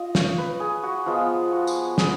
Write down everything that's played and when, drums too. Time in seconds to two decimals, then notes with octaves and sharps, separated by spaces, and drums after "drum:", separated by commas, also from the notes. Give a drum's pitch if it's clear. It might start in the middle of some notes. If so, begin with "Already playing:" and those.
Already playing: F4 D#5
0.15 C#5, drum: snare
0.38 B4
0.60 G#4
0.83 F#4
1.06 F3 G#3 B3 F4
1.52 F#4
1.67 drum: tambourine
1.98 G#4, drum: snare